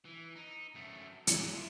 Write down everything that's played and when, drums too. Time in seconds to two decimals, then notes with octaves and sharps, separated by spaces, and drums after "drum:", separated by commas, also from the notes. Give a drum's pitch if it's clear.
0.05 E3
0.35 D#4
0.74 F#2 A3
1.27 A#3 B4, drum: hi-hat
1.52 F4 E5